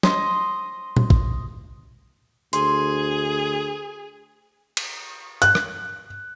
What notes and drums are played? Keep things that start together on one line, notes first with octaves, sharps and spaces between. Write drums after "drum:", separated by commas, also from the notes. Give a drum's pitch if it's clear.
D#5 C6, drum: snare
drum: tom A#2
drum: kick
D2 G#4 C6, drum: hi-hat
drum: cymbal
F#6, drum: hi-hat
drum: rim click